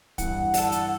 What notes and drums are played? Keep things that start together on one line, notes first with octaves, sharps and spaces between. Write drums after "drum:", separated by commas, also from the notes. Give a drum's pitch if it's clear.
G2 E3 F#5, drum: kick, hi-hat
D3 A4, drum: open hi-hat
drum: hi-hat